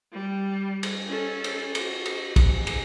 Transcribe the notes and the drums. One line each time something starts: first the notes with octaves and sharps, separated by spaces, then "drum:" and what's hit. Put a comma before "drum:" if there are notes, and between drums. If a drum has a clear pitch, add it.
G3
drum: cymbal
C#4 A4
drum: cymbal
F#4, drum: cymbal
drum: cymbal
drum: kick, cymbal
drum: cymbal